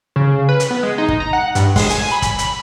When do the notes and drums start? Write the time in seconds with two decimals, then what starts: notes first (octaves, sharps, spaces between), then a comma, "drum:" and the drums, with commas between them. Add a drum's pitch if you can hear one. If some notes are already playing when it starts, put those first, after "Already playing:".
0.16 C#3
0.49 B4
0.60 drum: hi-hat
0.71 B3
0.83 G#3
0.98 D#4
1.09 drum: kick
1.20 A#5
1.33 F#5
1.55 G2, drum: hi-hat
1.76 G#3, drum: kick, open hi-hat
1.90 G#5, drum: hi-hat
2.12 B5
2.22 drum: kick, hi-hat
2.39 drum: hi-hat